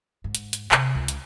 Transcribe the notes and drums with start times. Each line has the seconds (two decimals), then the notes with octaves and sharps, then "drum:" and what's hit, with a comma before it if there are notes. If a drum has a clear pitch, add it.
0.24 G#2
0.35 drum: hi-hat
0.53 drum: hi-hat
0.71 C3, drum: clap
0.95 C#2
1.08 drum: hi-hat